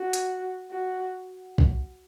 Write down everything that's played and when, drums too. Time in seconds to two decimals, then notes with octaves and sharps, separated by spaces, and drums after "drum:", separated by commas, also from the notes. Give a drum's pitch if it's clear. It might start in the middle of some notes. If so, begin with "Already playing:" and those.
Already playing: F#4
0.13 drum: hi-hat
0.71 F#4
1.58 drum: kick